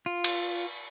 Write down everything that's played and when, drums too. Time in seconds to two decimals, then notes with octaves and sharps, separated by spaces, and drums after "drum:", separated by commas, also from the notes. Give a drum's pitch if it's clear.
0.06 F4
0.24 drum: cymbal